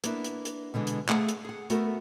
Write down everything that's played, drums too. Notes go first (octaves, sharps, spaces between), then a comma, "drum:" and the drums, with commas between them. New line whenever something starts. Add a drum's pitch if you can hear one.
A#3 B3 D4 E4, drum: hi-hat
drum: hi-hat
drum: hi-hat
B2 D3 E3 G#3
drum: hi-hat
A3 G#4 F5 F#5, drum: clap
drum: hi-hat
G#4 F#5
A3 B3 F#4 A4 A#4, drum: hi-hat